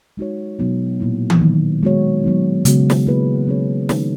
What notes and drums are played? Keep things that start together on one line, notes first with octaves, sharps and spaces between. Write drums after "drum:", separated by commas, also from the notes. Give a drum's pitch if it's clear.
G#3 D#4 F#4 C#5
B2 F#3 B3 D#4
A#2 A#3 E4
drum: tom E3
D#3 F#3 B3
G#3 B3 F#4 C#5
F#3 B3 D#4
C#3 G#3 B3 F#4, drum: hi-hat
drum: snare
A#3 E4 G#4 B4
F#3 C#4 G#4 C#5
D#3 G#3 B3 D#4, drum: snare